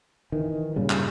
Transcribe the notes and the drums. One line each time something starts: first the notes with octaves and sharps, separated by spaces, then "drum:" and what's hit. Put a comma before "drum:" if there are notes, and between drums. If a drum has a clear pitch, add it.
D#3 E3
G2 A#2 C#3 G3
drum: clap